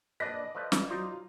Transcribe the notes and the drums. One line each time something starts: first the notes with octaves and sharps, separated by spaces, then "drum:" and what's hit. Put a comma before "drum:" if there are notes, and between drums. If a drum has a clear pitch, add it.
A#1 D4 B4 D5 D#5 A#6
F3 A3 B4
drum: snare
F#3 D#4 F4 C5 D5